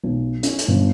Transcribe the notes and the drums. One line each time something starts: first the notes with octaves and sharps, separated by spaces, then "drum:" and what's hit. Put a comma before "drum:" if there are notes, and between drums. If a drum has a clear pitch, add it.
B1
C#4, drum: hi-hat
drum: hi-hat
G1